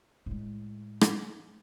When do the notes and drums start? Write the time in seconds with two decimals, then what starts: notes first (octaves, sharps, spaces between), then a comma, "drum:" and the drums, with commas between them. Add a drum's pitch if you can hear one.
0.26 A2 G#3
1.01 drum: rim click